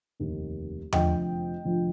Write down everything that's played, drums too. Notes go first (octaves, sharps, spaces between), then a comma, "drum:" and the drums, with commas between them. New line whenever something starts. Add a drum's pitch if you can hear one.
F1 D#2 D#3
F1 F2 D3 F3 D#5 G5, drum: tom E2
F1 F2 D3 F3